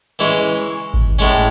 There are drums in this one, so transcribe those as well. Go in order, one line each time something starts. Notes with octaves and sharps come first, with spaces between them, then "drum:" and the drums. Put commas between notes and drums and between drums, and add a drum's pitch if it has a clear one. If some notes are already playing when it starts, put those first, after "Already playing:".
E3 G#3 C#4
drum: kick G#1
A2 G#3 C#4